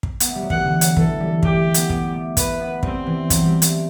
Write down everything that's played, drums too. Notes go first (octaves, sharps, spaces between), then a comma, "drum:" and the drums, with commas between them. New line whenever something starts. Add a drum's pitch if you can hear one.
drum: kick
B3, drum: hi-hat
A3
G3
F#3
E3 F#5, drum: kick
D3
F#3, drum: hi-hat
E3 A4, drum: kick
G3
A3 G4, drum: kick
B3, drum: hi-hat
B3, drum: kick
A3
A3 B4, drum: kick, hi-hat
B3
G3 C4, drum: kick
E3
F#3, drum: kick, hi-hat
G3
A3, drum: hi-hat